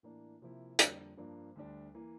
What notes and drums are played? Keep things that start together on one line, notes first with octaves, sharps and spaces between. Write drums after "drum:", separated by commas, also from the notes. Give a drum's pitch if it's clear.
A2 E3 A#3 D4
C3 F3 A#3 E4
F2 D3 G3 A#3 D4, drum: hi-hat
G2 F3 A#3 D4
D2 D3 G3 D4
E3 A#3